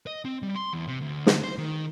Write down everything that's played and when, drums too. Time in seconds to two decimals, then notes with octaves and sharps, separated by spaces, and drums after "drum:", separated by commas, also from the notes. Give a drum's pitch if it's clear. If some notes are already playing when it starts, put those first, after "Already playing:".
0.07 D#5
0.25 C4
0.43 G3
0.55 C6
0.73 E2
0.88 C3
1.01 D2
1.27 drum: snare
1.44 C5
1.58 D#3